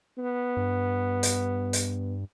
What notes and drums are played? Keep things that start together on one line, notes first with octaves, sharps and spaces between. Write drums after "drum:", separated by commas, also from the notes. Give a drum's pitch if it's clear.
B3
G2
drum: hi-hat
drum: hi-hat